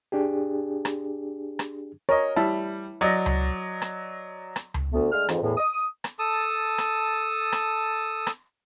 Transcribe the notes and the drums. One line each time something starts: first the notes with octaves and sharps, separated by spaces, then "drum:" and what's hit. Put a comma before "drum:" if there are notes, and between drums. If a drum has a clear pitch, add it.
D4 G4 G#4
drum: rim click
drum: rim click
A#4 C#5 D#5
G3 E4 E5 A5
F#3 D5 D#5
drum: tom C#2
drum: rim click
drum: rim click
drum: tom C#2
D2 A3 B3
D3 G#3 A3 F6
F2 G#2 E3, drum: rim click
E2 A2
D#6
drum: rim click
A4 A5 D#6
drum: rim click
drum: rim click
drum: rim click